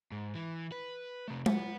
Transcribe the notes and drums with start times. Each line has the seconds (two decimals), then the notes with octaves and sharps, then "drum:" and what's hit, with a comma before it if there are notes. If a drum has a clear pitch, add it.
0.12 G#2
0.35 E3
0.72 B4
1.28 C3 A3
1.46 B4 F#5, drum: tom G#3